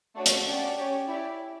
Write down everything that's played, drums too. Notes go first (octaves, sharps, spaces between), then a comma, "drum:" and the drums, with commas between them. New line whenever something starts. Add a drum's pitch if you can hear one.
A3 D4 F#4 C#5
drum: hi-hat
C#4 G4 D5 F#5 A5
C#4 G4 C#5
E4 G4 D5